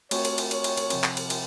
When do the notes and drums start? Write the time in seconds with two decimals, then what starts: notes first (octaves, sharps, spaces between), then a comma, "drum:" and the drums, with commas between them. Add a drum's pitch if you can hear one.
0.11 A3 C4 F#4 A#4 C#5, drum: cymbal
0.25 drum: cymbal
0.38 drum: cymbal
0.51 C#5, drum: cymbal
0.64 drum: cymbal
0.77 drum: cymbal
0.90 C3 F3 C4, drum: cymbal
1.04 drum: clap
1.17 drum: cymbal
1.30 drum: cymbal